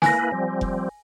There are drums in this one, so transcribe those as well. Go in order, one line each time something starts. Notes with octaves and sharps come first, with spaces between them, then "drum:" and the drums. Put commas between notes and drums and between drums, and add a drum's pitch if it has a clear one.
A#3 E4 B4 G#5 A#6, drum: snare
F3 G3 C4
drum: kick F1